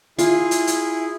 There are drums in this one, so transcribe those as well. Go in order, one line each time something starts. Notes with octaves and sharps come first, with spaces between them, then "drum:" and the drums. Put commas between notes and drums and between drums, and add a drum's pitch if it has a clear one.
E4 F4 G#4, drum: hi-hat
drum: hi-hat
drum: hi-hat